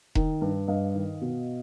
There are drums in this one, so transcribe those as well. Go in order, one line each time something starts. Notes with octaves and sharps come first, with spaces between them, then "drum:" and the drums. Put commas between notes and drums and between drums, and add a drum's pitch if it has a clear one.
D#3, drum: kick E1
G2
G2 D#5 F5
D#3
B2